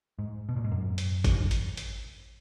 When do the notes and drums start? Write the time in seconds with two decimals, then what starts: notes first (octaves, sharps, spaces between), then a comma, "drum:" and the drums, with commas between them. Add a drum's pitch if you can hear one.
0.19 G#2
0.49 B2
0.57 A#2
0.64 G#2
0.72 F#2
0.98 drum: hi-hat
1.24 drum: kick G#1, hi-hat
1.51 drum: hi-hat
1.77 drum: hi-hat